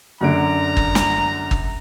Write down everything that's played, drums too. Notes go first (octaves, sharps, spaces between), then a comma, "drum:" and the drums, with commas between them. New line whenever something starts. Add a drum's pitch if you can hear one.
F#2 D3 A#5 D7
drum: kick G1
drum: snare
drum: kick G1